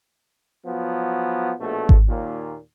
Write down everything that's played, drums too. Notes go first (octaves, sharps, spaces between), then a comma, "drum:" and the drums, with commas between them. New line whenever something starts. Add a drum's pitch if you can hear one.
F3 F#3 B3
A#1 B2 A3
drum: kick G#1
D#2 A#2